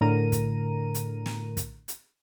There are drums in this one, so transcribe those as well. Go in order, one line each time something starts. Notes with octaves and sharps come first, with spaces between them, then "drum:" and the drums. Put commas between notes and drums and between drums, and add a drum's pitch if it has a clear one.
A2 D3 A#4 A#5 D#7
drum: kick, hi-hat
drum: hi-hat
drum: snare
drum: kick, hi-hat
drum: hi-hat